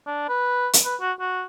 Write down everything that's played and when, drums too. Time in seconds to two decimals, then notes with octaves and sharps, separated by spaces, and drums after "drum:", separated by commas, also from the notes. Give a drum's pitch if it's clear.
0.07 D4
0.29 B4
0.73 drum: hi-hat
0.85 B4
1.01 F#4
1.20 F#4